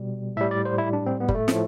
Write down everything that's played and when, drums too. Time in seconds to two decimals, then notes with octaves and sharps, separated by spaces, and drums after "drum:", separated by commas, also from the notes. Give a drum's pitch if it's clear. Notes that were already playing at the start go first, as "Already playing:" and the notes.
Already playing: B2 G3
0.36 A2 G3 E5
0.51 D5
0.65 C5
0.78 E4
0.93 D4
1.06 C4
1.20 B3
1.28 G3, drum: kick F#1
1.35 A3
1.48 A2 F3, drum: snare